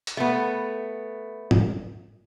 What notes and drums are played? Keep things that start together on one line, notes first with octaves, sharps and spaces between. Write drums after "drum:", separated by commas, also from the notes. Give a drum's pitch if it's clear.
drum: hi-hat
A3 B3
drum: tom